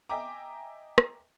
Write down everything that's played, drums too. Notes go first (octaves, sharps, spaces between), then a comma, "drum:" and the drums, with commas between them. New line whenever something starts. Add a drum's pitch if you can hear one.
D#5 E5 G5 G#5 A#5 D6
drum: rim click